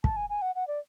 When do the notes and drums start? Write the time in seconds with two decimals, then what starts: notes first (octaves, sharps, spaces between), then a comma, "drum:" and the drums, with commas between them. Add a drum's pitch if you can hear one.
0.04 A5, drum: kick
0.16 G#5
0.30 G#5
0.42 F#5
0.55 F#5
0.68 D5